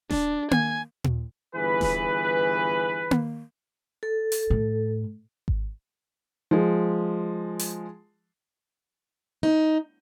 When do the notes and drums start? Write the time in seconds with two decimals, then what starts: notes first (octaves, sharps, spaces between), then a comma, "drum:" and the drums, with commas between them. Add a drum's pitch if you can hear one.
0.10 D4, drum: snare D#1
0.51 G#5, drum: tom A#3
1.04 drum: tom A#2
1.55 G1 E3 G#4 B4
1.81 drum: snare D#1
3.11 drum: tom A#3
4.03 A4
4.32 drum: open hi-hat
4.50 A2
5.48 drum: kick G#1
6.51 F3 G#3
7.59 drum: open hi-hat
9.43 D#4